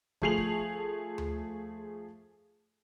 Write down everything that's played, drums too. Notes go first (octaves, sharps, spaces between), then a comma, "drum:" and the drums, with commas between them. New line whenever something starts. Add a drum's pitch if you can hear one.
F3 A3 G#4 C7 F7 F#7, drum: kick
drum: kick
drum: tom D2